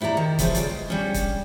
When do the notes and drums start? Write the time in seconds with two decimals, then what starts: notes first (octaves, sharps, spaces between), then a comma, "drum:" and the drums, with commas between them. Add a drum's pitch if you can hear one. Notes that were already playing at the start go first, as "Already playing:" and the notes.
0.01 A2 E4 G4 D5 A#5
0.17 D#3
0.39 C#3 E3 F3 G3 A3, drum: kick, hi-hat
0.55 C#3 D5, drum: hi-hat
0.70 G#3
0.88 G3 C#4 D4
1.14 drum: kick, hi-hat